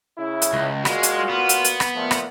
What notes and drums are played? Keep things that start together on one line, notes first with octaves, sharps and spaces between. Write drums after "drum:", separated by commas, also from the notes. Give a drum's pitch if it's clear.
C#3 E4
drum: hi-hat
C#2
A#2 G#3 F4 F#4, drum: rim click
drum: hi-hat
B3
drum: hi-hat
drum: hi-hat
drum: rim click
A#2 F3 A3
drum: rim click